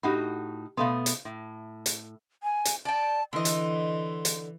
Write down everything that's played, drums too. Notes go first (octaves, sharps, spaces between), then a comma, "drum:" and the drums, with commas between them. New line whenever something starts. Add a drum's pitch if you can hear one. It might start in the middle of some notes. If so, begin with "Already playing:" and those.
A2 D#4 F#4 G4 F#5 B5
B2 A3 B3 F5 C6
drum: hi-hat
A2
drum: hi-hat
G#5
drum: hi-hat
D5 G5 A5
D3 E3 D#5 C6
drum: hi-hat
drum: hi-hat